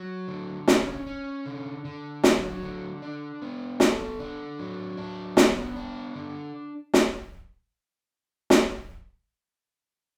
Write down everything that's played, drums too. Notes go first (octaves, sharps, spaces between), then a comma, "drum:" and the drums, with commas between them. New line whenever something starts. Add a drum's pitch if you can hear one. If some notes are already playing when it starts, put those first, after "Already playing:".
Already playing: F#3
D3
C#4, drum: snare
C#4
D3
D3
F#3, drum: snare
D3
D4
B3
A4, drum: snare
D4
F#3
D4
B3, drum: snare
D4
D3
drum: snare
drum: snare